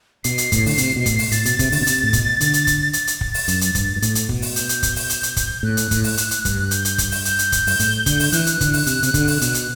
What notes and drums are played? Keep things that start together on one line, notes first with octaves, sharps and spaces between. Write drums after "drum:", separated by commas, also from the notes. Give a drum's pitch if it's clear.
B2 C7, drum: hi-hat
drum: hi-hat
A2, drum: kick, hi-hat
D3, drum: open hi-hat
C3, drum: hi-hat
B2
A2, drum: kick, hi-hat
drum: open hi-hat
A2 A6, drum: hi-hat
B2, drum: hi-hat
C3, drum: kick, hi-hat
D3, drum: open hi-hat
B2
C3, drum: hi-hat
A2
B2, drum: kick, hi-hat
D3, drum: hi-hat
drum: hi-hat
drum: kick, hi-hat
A6, drum: hi-hat
drum: hi-hat
drum: kick
drum: open hi-hat
F#2, drum: hi-hat
drum: hi-hat
G2, drum: kick, hi-hat
G2
A2, drum: hi-hat
drum: hi-hat
B2, drum: kick
drum: open hi-hat
G6, drum: hi-hat
drum: hi-hat
drum: kick, hi-hat
drum: open hi-hat
drum: hi-hat
drum: hi-hat
drum: kick, hi-hat
A2 F#6
drum: hi-hat
A2, drum: kick, hi-hat
drum: open hi-hat
drum: hi-hat
drum: hi-hat
G2, drum: kick, hi-hat
G6, drum: hi-hat
drum: hi-hat
drum: kick, hi-hat
drum: open hi-hat
G6, drum: hi-hat
drum: hi-hat
drum: kick, hi-hat
G2, drum: open hi-hat
A2, drum: hi-hat
D3, drum: kick, hi-hat
drum: open hi-hat
E3 F#6, drum: hi-hat
drum: hi-hat
D3, drum: kick, hi-hat
drum: open hi-hat
C3, drum: hi-hat
C3, drum: hi-hat
D3, drum: kick, hi-hat
drum: open hi-hat
B2, drum: hi-hat
drum: hi-hat